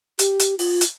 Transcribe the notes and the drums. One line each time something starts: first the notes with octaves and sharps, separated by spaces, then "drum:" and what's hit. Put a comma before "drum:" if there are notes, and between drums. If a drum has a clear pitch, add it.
G4, drum: hi-hat
drum: hi-hat
F4, drum: open hi-hat
drum: hi-hat